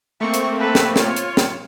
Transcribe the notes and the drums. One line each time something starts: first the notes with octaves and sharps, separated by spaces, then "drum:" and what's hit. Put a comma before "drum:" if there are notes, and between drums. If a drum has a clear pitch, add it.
A3 A#3 C4 C#6
drum: hi-hat
A4 B4
drum: snare
F4 C#5, drum: snare
drum: hi-hat
drum: snare